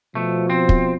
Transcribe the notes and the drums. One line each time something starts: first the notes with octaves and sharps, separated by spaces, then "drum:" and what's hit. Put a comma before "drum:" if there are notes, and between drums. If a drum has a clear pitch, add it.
B2 F3 A3
C4
drum: kick